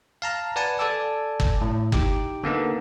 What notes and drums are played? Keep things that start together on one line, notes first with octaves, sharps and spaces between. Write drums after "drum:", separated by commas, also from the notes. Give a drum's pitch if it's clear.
F5 A5 A#5
B4 D5 F#5 G#5 A5
A4 D5 G#5 A5 D6 E6
drum: kick
A2
D#4 G4 D6, drum: kick
D3 A#3 B3 D#4